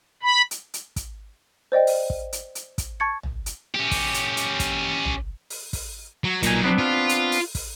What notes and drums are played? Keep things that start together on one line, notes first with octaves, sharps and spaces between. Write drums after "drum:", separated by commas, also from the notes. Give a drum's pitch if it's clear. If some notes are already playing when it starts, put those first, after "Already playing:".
B5
drum: hi-hat
drum: hi-hat
drum: kick, hi-hat
C5 D5 D#5 G5
drum: open hi-hat
drum: kick
drum: hi-hat
drum: hi-hat
drum: kick, hi-hat
A5 C#6 G#6 A6 C#7
drum: tom
drum: hi-hat
C#4 G4
drum: kick, open hi-hat
drum: hi-hat
drum: hi-hat
drum: kick, hi-hat
drum: tom
drum: open hi-hat
drum: kick, open hi-hat
F#3
A#2 F#3 D#4 G#5, drum: kick, hi-hat
B3 C4 D4
F4
drum: hi-hat
drum: open hi-hat
drum: kick, open hi-hat